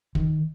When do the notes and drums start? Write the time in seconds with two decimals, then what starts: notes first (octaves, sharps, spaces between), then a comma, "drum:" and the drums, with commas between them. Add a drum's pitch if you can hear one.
0.15 D#3, drum: kick